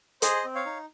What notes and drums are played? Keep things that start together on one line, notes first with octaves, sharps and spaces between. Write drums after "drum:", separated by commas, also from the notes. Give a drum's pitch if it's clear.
G#4 C5 D#5, drum: hi-hat
C4
C#5 F5
D#4